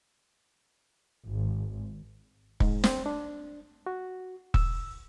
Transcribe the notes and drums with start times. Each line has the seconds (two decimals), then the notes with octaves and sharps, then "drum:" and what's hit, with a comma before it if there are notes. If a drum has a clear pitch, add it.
1.26 G#1
2.60 G#2, drum: kick
2.84 C4, drum: snare
3.06 D4
3.86 F#4
4.54 E6, drum: kick